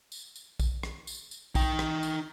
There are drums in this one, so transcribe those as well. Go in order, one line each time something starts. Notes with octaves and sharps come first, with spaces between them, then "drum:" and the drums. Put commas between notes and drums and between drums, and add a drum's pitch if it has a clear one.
drum: tambourine
drum: tambourine
drum: kick, tambourine
drum: rim click
drum: tambourine
drum: tambourine
D#4 G5, drum: kick, tambourine
drum: rim click
drum: tambourine